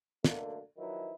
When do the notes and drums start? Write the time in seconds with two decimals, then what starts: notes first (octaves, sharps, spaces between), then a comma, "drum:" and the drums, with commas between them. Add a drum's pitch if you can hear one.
0.24 F#2 B2 D3 A3 A#3, drum: snare
0.77 D#3 F3 F#3 D#4 E4 B4